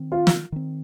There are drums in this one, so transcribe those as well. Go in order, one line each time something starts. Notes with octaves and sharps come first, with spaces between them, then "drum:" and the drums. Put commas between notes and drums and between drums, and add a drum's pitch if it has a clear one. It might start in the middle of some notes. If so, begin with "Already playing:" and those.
Already playing: D#3 C4
F4
drum: snare
D#3 C4